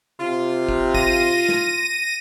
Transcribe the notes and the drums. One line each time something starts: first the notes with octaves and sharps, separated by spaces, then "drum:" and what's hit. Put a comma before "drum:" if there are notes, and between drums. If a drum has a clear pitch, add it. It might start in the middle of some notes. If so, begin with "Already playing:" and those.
C3 F4
drum: kick
A#6 D#7, drum: kick
drum: snare